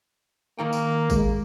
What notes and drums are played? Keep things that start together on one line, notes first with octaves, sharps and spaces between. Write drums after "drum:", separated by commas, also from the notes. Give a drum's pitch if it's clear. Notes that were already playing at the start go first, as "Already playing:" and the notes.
D#3 A#3 D#4 G5
drum: tambourine
G#3, drum: kick, tambourine